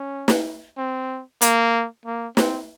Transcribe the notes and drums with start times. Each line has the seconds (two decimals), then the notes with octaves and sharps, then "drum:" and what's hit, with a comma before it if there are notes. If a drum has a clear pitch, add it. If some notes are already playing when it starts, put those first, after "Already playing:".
Already playing: C#4
0.28 drum: snare
0.78 C4
1.41 A#3, drum: hi-hat
2.06 A#3
2.37 C4, drum: snare